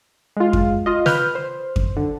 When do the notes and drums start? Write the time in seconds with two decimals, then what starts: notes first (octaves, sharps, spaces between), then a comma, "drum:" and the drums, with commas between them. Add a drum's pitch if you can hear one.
0.37 G#3 F4
0.53 drum: kick F2
0.86 F4 D#5
1.06 B4 F6 G6, drum: snare
1.35 C5
1.76 drum: kick F2
1.97 D3